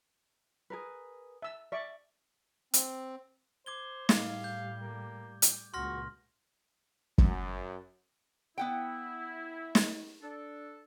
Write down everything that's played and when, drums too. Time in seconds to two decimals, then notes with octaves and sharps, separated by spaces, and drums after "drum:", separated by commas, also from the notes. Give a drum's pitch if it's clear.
0.70 G#4 A#4 B4
1.42 E5 E6
1.72 D5 E5 C#6 D6
2.74 C4, drum: hi-hat
3.66 C5 D6 G#6 G7
4.09 A2 G3 F5, drum: snare
4.44 G6
4.81 A#3
5.42 drum: hi-hat
5.74 C#2 A#2 F#4 C6 F6 A#6
7.18 F#2, drum: kick
8.58 B3 E4 F#5 G5
9.75 drum: snare
10.22 D4 A4